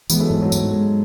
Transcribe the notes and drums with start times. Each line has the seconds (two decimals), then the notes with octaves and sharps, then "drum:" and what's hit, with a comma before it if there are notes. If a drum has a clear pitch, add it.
0.10 E3 G#3 B3, drum: tambourine
0.20 F#3 A3
0.30 G#2
0.41 F#3 A3
0.52 G#2, drum: tambourine
0.74 G#3